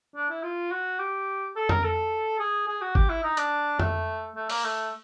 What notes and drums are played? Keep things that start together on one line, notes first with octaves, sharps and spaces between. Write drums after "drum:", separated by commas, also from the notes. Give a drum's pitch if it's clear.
D4
E4
F4
F#4
G4
A4
A#4, drum: tom F2
A4
G#4
G#4
F#4
G4, drum: kick G1
E4
D#4
D4, drum: hi-hat
A3, drum: tom F2
A3
A#3, drum: open hi-hat
A3